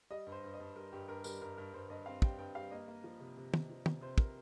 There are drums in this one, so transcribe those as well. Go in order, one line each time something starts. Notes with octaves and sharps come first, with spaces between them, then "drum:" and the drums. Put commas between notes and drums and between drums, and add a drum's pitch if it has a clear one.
G3 D#5
G2
C5
G2
D#5
G2
G3 A#4
G2 G4
G2 A#4
G3 A#4, drum: tambourine
G2 A#4
G2 A#4
G2 C5
G2 D#5
C4 F5
G3 G5, drum: kick
G2 G5
G3 F5
A#3 D#5
A#3
F3
C3
C3
C3, drum: tom
F3
C3, drum: tom
C3 C5
C3 A#4, drum: kick